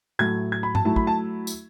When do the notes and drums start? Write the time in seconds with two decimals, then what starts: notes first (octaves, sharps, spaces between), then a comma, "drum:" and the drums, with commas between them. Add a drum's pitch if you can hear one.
0.19 A2 F#3 A3 G#6
0.52 G#6
0.63 B5
0.75 A5, drum: tom G2
0.85 F#3 A3 E4 A5
0.96 B5, drum: kick
1.07 A5
1.47 drum: tambourine